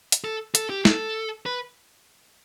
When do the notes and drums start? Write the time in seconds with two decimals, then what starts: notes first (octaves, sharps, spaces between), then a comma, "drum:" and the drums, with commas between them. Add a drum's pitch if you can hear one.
0.12 drum: hi-hat
0.24 A4
0.55 A4, drum: hi-hat
0.70 G4
0.85 A4, drum: snare
1.46 B4